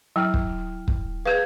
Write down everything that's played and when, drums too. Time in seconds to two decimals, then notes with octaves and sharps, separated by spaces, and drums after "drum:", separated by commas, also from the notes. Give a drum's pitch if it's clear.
0.16 F#3 E4 G5 F6
0.34 drum: kick
0.88 drum: kick
1.26 G#4 B4 F5 G6 G#6